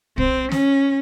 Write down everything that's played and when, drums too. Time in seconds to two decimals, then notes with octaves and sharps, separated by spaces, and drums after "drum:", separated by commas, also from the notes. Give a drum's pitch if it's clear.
0.18 C4, drum: kick
0.52 C#4, drum: snare